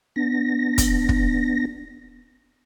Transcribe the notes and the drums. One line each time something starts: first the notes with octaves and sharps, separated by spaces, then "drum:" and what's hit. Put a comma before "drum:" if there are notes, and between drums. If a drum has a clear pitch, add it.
B3 D4 A#6
drum: kick, hi-hat
drum: kick